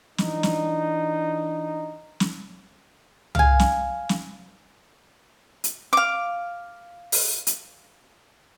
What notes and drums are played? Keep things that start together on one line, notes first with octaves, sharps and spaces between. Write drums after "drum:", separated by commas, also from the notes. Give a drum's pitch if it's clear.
E3 D4 D#4, drum: snare
drum: snare
drum: snare
F5 G#5, drum: tom
drum: snare
drum: snare
drum: hi-hat
F5 D6
drum: open hi-hat
drum: hi-hat